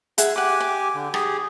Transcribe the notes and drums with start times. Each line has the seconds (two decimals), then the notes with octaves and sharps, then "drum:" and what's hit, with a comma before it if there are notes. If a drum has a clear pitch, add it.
0.18 G#4 E5 F#5, drum: hi-hat
0.36 G4 F#5 G#5 D6
0.60 D6
0.95 D3
1.14 G4 G#4, drum: rim click